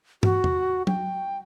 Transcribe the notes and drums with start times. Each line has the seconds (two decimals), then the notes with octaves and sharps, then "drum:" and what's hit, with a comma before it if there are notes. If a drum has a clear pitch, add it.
0.23 F#4, drum: tom
0.44 drum: tom E2
0.87 G5, drum: tom